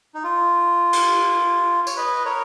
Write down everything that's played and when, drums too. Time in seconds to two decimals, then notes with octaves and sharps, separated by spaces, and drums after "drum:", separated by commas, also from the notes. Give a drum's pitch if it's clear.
0.15 D#4
0.24 F4
0.93 drum: cymbal
1.87 C#5, drum: tambourine
1.97 B4 D#5
2.25 A#4 C#5